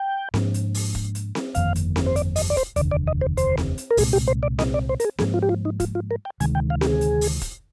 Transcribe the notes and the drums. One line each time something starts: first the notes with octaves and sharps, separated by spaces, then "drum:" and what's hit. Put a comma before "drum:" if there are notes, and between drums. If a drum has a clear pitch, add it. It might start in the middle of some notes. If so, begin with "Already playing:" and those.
Already playing: G5
G#2 F3 A#3 D4, drum: snare C4
drum: hi-hat
drum: open hi-hat
drum: kick E1
drum: hi-hat
drum: snare C4
G1 F2 D#3 A#3 F5, drum: hi-hat
drum: hi-hat
drum: snare C4
C5
D5, drum: hi-hat
D#5, drum: open hi-hat
D5
C5, drum: kick E1, hi-hat
F1 D#2 D3 D5, drum: hi-hat
D5
D#5
C5
C5, drum: hi-hat
drum: snare C4
drum: hi-hat
A#4
C2 A#2 G#3 C4 G#4, drum: open hi-hat
G4
C5
D5
D#5, drum: snare C4
D5
C5
A#4, drum: hi-hat
G#4
G#2 F3 A#3 G#4, drum: snare C4
F4
G4
F4
D#4
F4, drum: kick E1, hi-hat
F4
A#4
G5
D2 C3 D#3 G#3 G#5, drum: hi-hat
G5
F5
G4, drum: snare C4
G#4
drum: hi-hat
drum: open hi-hat
drum: kick E1, hi-hat